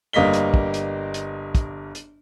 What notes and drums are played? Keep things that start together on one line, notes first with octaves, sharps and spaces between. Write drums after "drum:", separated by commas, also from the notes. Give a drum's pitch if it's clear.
G1 G3 A#3 D#5 B6 G7
drum: hi-hat
drum: kick
drum: hi-hat
drum: hi-hat
drum: kick, hi-hat
drum: hi-hat